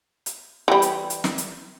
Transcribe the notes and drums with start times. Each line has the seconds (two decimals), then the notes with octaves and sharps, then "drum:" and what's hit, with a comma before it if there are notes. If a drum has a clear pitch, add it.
0.26 drum: hi-hat
0.68 E3 G3
0.82 drum: hi-hat
1.10 drum: hi-hat
1.24 drum: snare
1.38 drum: hi-hat